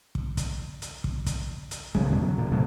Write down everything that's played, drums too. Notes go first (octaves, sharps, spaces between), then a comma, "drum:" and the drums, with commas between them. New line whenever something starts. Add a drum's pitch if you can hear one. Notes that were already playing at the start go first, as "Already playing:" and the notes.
drum: kick
drum: kick, hi-hat
drum: hi-hat
drum: kick
drum: kick, hi-hat
drum: hi-hat
C#3 F#3 G#3, drum: kick
E2 G2 B2 D3
F#3
A#2 D3
A2 C3 F#3 A3